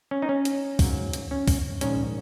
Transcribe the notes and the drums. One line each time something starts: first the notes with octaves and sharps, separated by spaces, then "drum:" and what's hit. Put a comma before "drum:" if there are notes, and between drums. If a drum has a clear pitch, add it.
C#4
D#4
C#4
drum: hi-hat
G#2 F#3 A#3, drum: kick, open hi-hat
drum: hi-hat
C#4
drum: kick, open hi-hat
A#1 G#2 D#3 C#4, drum: hi-hat